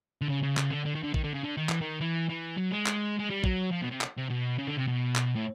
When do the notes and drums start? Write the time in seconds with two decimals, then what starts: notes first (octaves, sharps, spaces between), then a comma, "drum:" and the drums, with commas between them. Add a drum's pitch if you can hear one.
0.22 D3
0.28 C#3
0.43 C#3
0.57 C#3, drum: clap
0.71 D3
0.86 D3
0.95 D#3
1.03 D3
1.14 D#3, drum: kick
1.24 D3
1.34 C#3
1.44 D3
1.57 D#3
1.69 E3, drum: clap
1.81 D#3
2.01 E3
2.29 E3
2.58 F#3
2.72 G#3
2.86 drum: clap
3.19 G#3
3.31 G3
3.44 F#3, drum: kick
3.72 F3
3.82 B2
3.91 C3
4.01 drum: clap
4.18 C3
4.30 B2
4.59 C#3
4.68 D3
4.77 C3
4.87 B2
5.16 drum: clap
5.35 A2